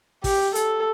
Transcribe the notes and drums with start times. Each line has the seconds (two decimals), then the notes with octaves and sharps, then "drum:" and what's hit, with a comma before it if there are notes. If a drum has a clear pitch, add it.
0.24 G4, drum: kick, open hi-hat
0.55 A4, drum: hi-hat